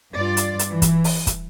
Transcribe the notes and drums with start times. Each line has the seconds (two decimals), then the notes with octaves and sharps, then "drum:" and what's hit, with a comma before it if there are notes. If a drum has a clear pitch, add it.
0.14 G2 F4 D5
0.37 drum: hi-hat
0.59 drum: hi-hat
0.70 E3
0.82 drum: kick, hi-hat
1.04 drum: open hi-hat
1.27 drum: kick, hi-hat